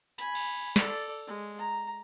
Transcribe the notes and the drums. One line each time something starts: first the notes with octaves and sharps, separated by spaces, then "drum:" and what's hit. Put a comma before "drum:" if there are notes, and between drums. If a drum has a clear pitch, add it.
G#5 B5, drum: hi-hat
drum: cymbal
A4 D5, drum: snare
G#3
A#5